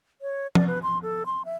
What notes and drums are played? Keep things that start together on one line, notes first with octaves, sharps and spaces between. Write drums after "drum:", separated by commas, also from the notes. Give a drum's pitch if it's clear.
C#5
D5, drum: tom F3
B4
C6
A4
C6
E5